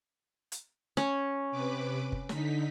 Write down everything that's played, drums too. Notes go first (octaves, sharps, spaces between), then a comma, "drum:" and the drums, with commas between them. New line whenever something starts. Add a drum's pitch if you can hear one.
drum: hi-hat
C#4, drum: snare
C3 B4 D6
drum: kick
D3 D#4 B6, drum: snare